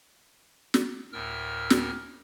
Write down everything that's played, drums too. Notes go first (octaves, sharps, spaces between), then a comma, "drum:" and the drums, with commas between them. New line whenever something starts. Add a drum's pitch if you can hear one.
drum: snare
D2 A2 A#4 E6 F6
drum: snare